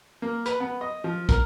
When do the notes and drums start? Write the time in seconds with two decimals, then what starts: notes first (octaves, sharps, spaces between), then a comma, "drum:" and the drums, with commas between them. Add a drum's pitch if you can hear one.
0.22 A#3
0.46 B4, drum: hi-hat
0.60 B3
0.81 D#5
1.04 F3
1.29 A#4, drum: kick, hi-hat